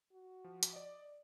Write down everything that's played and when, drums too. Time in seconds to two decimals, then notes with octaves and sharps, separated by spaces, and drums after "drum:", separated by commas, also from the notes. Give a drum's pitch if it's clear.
0.13 F#4
0.44 F3
0.63 drum: hi-hat
0.73 D5 D#5